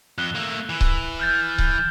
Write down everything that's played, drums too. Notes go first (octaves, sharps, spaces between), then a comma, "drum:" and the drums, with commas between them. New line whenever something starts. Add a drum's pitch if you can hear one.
F2 F#6 G7
A3 A#3
E3
drum: kick C#1
F6 G6 A6
drum: kick C#1